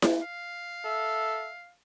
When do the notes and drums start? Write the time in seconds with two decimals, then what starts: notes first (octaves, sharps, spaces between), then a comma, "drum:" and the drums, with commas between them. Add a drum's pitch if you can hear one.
0.02 drum: snare E4
0.22 F5
0.85 A4 E5